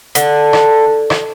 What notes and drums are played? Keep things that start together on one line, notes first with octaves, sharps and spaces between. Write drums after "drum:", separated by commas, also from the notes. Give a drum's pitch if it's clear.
D3, drum: hi-hat
drum: rim click
drum: rim click